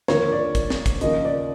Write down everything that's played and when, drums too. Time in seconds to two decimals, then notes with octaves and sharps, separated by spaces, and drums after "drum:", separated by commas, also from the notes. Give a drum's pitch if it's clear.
0.08 D#2 D3 F3 A#3 C#5, drum: snare
0.32 D5
0.55 drum: kick, hi-hat
0.70 drum: snare
0.86 drum: kick, hi-hat
1.01 D#2 C#3 F3 A#3 D#5, drum: hi-hat
1.25 D5